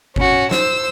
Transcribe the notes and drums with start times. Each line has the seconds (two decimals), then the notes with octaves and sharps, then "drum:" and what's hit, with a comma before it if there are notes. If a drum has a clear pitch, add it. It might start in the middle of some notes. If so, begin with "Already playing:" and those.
0.16 C#4 F#4, drum: kick G1
0.51 C5 E6, drum: snare